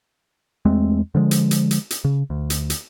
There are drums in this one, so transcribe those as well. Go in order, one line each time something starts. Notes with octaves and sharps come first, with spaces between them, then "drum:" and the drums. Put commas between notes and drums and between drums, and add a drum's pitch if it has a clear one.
E2 G#3 A3 C4
D3 F3 G#3
drum: hi-hat
drum: hi-hat
drum: hi-hat
drum: hi-hat
C#3
D2
drum: hi-hat
drum: hi-hat